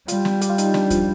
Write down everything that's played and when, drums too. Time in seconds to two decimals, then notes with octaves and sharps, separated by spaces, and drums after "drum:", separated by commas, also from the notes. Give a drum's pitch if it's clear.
0.08 G3 F4, drum: hi-hat
0.25 drum: snare
0.41 G4, drum: hi-hat
0.50 F4
0.58 D#4, drum: hi-hat
0.74 D4, drum: snare
0.90 F3, drum: kick D2, hi-hat